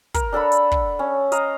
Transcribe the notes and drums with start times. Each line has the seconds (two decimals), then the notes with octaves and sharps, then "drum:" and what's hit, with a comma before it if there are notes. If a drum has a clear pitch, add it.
0.14 A#4, drum: kick, hi-hat
0.33 D4 A4 F#5 B5
0.52 drum: hi-hat
0.72 drum: kick
0.99 C#4
1.32 D#5 F5 A#5, drum: hi-hat